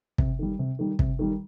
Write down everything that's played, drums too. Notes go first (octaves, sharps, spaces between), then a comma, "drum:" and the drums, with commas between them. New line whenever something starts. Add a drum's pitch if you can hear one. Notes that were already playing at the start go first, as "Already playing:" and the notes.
C3, drum: kick
D#3 G3
C3
D#3 G3
C3, drum: kick
D#3 G3